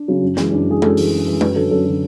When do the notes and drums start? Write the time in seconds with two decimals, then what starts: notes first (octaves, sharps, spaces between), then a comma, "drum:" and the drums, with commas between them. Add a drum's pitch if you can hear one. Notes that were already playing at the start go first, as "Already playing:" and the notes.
Already playing: D4
0.08 C#3 F#3
0.22 F#2
0.37 E3 G#3, drum: snare
0.52 F#2 D4
0.67 E3 G#3 G#4
0.82 F#2 A4, drum: tom G#3
0.97 E3 G#3, drum: open hi-hat
1.12 F#2
1.27 E3 G#3
1.41 F#2 B4, drum: tom G#3
1.56 D3 F#3 A4
1.71 F#2 A4
1.86 D3 F#3